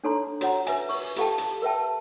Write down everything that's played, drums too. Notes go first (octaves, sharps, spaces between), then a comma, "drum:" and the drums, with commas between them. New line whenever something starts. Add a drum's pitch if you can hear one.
D4 D#4 A4 C#5 A#5 C6
F#4 C#5 F#5 A#5, drum: hi-hat
B4 E5 G#5, drum: hi-hat
B4 C#6, drum: open hi-hat
F4 G4 A4 F5 G5 A5, drum: hi-hat
drum: hi-hat
A#4 B4 E5 G5 A5